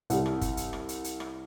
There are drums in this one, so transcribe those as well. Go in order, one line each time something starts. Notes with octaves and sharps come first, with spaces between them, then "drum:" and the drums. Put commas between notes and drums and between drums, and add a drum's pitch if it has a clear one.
C2, drum: hi-hat
drum: rim click
drum: kick, hi-hat
drum: hi-hat
drum: rim click
drum: hi-hat
drum: hi-hat
drum: rim click